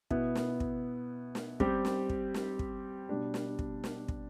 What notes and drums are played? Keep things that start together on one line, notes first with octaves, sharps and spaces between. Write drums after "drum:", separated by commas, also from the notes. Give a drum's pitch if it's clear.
B2 B3 E4, drum: kick
drum: snare
drum: kick
drum: snare
G3 C4 G4, drum: kick
drum: snare
drum: kick
drum: snare
drum: kick
B2 G3 D4
drum: snare
drum: kick
drum: snare
drum: kick